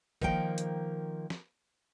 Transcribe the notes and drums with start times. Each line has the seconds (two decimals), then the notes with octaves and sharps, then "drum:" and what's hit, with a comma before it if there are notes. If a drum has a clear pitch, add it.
0.22 D#3 F3 A#3 G5, drum: kick
0.58 drum: hi-hat
1.30 drum: snare